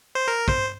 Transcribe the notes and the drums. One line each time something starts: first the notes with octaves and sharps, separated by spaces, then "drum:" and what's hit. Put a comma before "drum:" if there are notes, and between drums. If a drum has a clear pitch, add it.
C5
A#4
C5, drum: kick